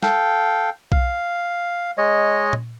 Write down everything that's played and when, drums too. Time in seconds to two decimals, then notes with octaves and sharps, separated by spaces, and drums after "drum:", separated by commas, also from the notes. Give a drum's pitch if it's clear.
0.03 A4 F5 G5, drum: snare
0.92 F5, drum: kick B1
1.98 G#3 C#5 D#5
2.53 drum: tom A#2